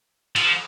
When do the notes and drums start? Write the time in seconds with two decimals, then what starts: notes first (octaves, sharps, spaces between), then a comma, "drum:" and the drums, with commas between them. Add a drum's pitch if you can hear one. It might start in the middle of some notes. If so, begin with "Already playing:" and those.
0.36 F3, drum: cymbal